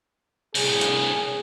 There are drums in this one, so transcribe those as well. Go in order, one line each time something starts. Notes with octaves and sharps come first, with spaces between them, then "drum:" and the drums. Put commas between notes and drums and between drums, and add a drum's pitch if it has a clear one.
C2 A2 G#4, drum: open hi-hat
drum: hi-hat